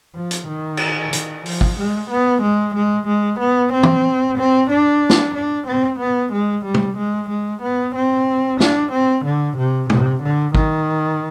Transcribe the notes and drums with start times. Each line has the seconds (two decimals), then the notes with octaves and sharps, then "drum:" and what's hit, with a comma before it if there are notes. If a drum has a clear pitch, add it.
0.15 F3
0.31 drum: hi-hat
0.48 D#3
0.77 drum: cymbal
1.13 D#3, drum: hi-hat
1.46 F3, drum: open hi-hat
1.61 drum: kick
1.78 G#3
2.10 B3
2.42 G#3
2.75 G#3
3.07 G#3
3.39 B3
3.73 C4
3.83 drum: tom
4.38 C4
4.70 D4
5.10 drum: snare
5.35 D4
5.67 C4
5.99 B3
6.33 G#3
6.65 G3
6.74 drum: tom
6.97 G#3
7.29 G#3
7.62 B3
7.95 C4
8.60 D4, drum: snare
8.92 C4
9.25 D3
9.57 C3
9.90 C3, drum: tom
10.23 D3
10.55 D#3, drum: kick